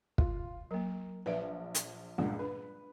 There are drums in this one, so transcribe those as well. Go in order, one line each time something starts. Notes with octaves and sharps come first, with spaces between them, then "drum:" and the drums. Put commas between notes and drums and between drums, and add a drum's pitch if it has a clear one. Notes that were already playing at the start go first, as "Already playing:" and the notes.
F4, drum: kick
F#3 A#3 A#4
A#1 B4 D5 E5
drum: hi-hat
C#2 G2 A#2 F#5
D4 B4